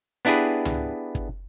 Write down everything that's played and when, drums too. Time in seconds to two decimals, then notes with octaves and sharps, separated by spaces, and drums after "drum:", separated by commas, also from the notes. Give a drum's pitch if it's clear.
0.25 B3 D4 E4 G4 G#4 B4
0.65 drum: tom C#2
1.15 drum: kick